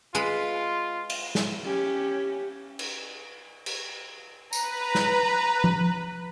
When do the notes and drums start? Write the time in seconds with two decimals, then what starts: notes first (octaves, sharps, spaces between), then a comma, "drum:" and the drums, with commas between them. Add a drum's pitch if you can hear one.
0.15 G#3 F4 B4 B5
1.10 drum: cymbal
1.35 drum: snare
1.65 C#4 G4
2.79 drum: cymbal
3.66 drum: cymbal
4.53 B4 A#5, drum: tambourine
4.95 drum: snare
5.64 drum: tom F3